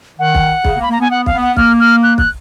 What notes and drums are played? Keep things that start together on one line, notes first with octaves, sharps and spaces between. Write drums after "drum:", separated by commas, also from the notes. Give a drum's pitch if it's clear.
D#3 F#5
drum: kick
C#3, drum: kick
A#3
B5
A#3
A#5
B3 G#5
B3 F#5
F5, drum: kick
B3
F#5
A#3 F6, drum: kick
F6
F#6
F#6, drum: kick